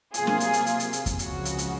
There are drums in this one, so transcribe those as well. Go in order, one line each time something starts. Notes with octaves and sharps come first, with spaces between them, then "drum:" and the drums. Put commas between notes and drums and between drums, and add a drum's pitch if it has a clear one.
C3 F#3 A#3 F4 G#4, drum: hi-hat
drum: snare
drum: hi-hat
drum: hi-hat
drum: hi-hat
drum: hi-hat
drum: hi-hat
drum: kick F2, hi-hat
C#2 C#3 F3 F#4, drum: hi-hat
drum: hi-hat
drum: hi-hat